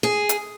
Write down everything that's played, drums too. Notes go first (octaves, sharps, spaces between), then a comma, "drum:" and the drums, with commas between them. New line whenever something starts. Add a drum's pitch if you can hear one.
G#4
drum: hi-hat